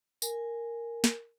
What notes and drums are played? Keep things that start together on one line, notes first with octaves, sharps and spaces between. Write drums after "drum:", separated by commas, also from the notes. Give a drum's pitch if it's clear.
A#4 G#5, drum: tambourine
drum: snare